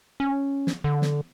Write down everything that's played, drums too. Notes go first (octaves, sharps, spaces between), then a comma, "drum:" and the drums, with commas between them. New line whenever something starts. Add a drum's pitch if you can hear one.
C#4
drum: snare
D3
drum: snare